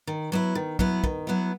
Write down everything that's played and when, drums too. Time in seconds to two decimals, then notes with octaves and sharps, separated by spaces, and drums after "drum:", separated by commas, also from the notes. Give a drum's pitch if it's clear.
0.07 D#3
0.32 F#3 B3 E4
0.55 D#3
0.79 F#3 B3 E4, drum: kick
1.04 D#3, drum: kick
1.27 F#3 B3 E4